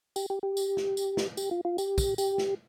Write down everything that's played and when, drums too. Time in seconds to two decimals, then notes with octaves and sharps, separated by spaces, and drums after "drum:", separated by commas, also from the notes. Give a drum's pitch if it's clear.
0.16 G4, drum: tambourine
0.30 G4
0.43 G4
0.57 drum: tambourine
0.77 drum: snare
0.97 drum: tambourine
1.17 drum: snare
1.37 G4, drum: tambourine
1.51 F4
1.65 F4
1.78 G4, drum: tambourine
1.98 drum: kick, tambourine
2.18 G4, drum: tambourine
2.38 drum: snare